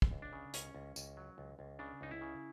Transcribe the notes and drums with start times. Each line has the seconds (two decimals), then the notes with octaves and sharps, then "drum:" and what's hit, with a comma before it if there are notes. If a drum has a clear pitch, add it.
0.02 drum: kick
0.11 C#2
0.22 D4
0.33 C#3
0.54 C#2 C#4, drum: hi-hat
0.75 C#2
0.96 C#2, drum: tambourine
1.17 F#3
1.38 C#2
1.59 C#2
1.79 C#3 D4
2.01 C#2 D#4
2.11 E4
2.21 C#3